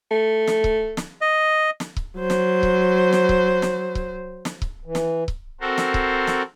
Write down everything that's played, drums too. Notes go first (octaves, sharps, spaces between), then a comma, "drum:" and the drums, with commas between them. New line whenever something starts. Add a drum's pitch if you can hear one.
A3
drum: snare
drum: kick C#1
drum: snare
D#5
drum: snare
drum: kick C#1
F#3 C5
drum: snare
drum: kick C#1
drum: snare
drum: kick C#1
drum: snare
drum: kick C#1
drum: snare
drum: kick C#1
E3
drum: snare
drum: kick C#1
C4 F#4 A4 A#4 C5
drum: snare
drum: kick C#1
drum: snare